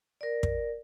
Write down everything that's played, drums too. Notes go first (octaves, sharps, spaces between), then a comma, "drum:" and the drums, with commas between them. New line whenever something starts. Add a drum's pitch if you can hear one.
A#4 D5
drum: kick